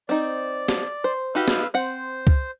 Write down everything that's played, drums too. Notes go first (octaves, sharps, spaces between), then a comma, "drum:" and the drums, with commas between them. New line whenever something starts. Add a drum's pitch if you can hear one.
C4 D#4 D5
drum: snare
C5
D#4 F#4 G4 B4 F5 E6
drum: snare
C4 C5 F#5
drum: kick C#2